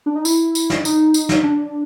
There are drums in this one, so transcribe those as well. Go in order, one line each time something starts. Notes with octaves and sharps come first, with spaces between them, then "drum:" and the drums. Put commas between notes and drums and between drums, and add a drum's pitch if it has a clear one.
D4
D#4
E4, drum: tambourine
drum: tambourine
drum: snare
D#4, drum: tambourine
drum: tambourine
drum: snare
D4